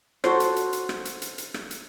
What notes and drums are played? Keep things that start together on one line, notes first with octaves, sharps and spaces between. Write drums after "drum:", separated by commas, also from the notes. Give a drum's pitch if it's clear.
F#4 A4 C5, drum: rim click
drum: hi-hat
drum: hi-hat
drum: hi-hat
drum: rim click
drum: hi-hat
drum: hi-hat
drum: hi-hat
drum: rim click
drum: hi-hat